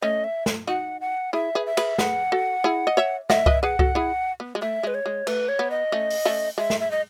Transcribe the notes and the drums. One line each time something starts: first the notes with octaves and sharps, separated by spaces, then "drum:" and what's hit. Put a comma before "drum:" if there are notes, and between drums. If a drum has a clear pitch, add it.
A3 C#4 D#5
E5
drum: snare
D#4 F#4 F#5
F#5
E4 G#4 E5
G#4 B4
E5
G#4 B4, drum: cymbal
G#4 B4 F#5, drum: snare
F#4 A4
E4 G#4
D#5
C#5 E5
D#5 E5 F#5, drum: snare
B4 D#5, drum: kick C2
G#4 B4 F#5
F#4 A4, drum: kick C2
E4 G#4
B3
G#3
A3 E5
G#3 B4
C#5
G#3
A3 B4, drum: cymbal
C#5
B3
D#5
A3 C#4
drum: open hi-hat
A3 C#4
G#3 E5
drum: snare
E5
D#5